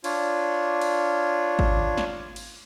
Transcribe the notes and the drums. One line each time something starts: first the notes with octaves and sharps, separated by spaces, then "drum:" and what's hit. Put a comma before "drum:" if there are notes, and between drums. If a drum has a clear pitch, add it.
D4 F4 C#5, drum: cymbal
drum: cymbal
drum: kick G#1
drum: snare
drum: cymbal